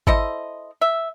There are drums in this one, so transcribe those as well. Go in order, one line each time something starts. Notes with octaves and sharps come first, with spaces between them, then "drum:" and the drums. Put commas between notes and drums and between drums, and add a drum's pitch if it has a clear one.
E4 A4 C5 D#5, drum: kick G#1
E5